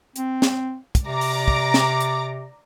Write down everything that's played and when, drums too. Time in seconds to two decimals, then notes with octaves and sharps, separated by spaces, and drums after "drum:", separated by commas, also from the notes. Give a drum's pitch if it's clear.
0.16 C4, drum: hi-hat
0.42 drum: snare
0.95 drum: kick, hi-hat
1.06 C3 D5 A#5 D6
1.21 drum: open hi-hat
1.48 drum: kick
1.74 drum: snare
2.01 drum: hi-hat